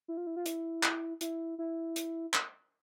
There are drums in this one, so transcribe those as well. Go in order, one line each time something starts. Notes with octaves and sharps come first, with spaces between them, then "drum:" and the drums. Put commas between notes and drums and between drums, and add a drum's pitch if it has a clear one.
E4
F4
E4
F4
E4, drum: hi-hat
drum: clap
E4, drum: hi-hat
E4
drum: hi-hat
drum: clap